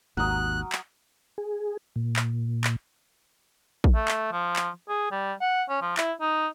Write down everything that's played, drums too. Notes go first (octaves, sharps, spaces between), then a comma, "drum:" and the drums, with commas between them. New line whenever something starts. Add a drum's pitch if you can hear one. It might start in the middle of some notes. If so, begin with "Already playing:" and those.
G#1 D#2 F#3 A#4 D#6 F#6
drum: clap
G#4
A#2
drum: clap
drum: clap
drum: kick
A3
drum: clap
F3
drum: clap
G#4
G3
F#5
C#4
F3
E4, drum: clap
D#4